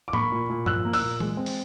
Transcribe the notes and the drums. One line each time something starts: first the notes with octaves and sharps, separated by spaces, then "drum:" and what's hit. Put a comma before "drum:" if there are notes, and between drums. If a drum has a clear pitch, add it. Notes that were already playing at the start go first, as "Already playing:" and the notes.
D6
A#3 B5 C#6, drum: tom A2
A#2
A#2
F3 E6 F#6, drum: tom G2
A#3
E6 F#6, drum: open hi-hat
A#2
G#3, drum: tom
C4
drum: open hi-hat